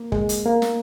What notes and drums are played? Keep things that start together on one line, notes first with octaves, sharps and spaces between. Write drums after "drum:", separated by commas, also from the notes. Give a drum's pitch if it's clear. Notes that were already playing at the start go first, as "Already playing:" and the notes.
Already playing: A#3
G#3, drum: kick
drum: hi-hat
A#3
drum: snare